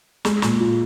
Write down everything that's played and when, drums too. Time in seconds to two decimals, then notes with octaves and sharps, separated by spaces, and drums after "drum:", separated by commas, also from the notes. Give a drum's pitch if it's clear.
0.25 G#3, drum: snare
0.42 A#2, drum: snare
0.60 F4